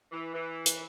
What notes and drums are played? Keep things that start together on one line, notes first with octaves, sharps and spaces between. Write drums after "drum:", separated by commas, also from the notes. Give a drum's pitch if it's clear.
E3
E3
drum: hi-hat